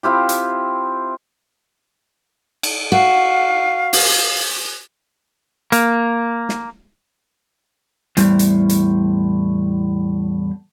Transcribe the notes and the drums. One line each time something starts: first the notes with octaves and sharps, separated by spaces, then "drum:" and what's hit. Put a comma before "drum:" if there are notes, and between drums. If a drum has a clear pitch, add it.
C4 E4 F4 G4
drum: hi-hat
drum: cymbal
F#4 F5
drum: open hi-hat
A#3, drum: hi-hat
drum: snare
E2 A2 G3 C5, drum: hi-hat
drum: hi-hat
drum: hi-hat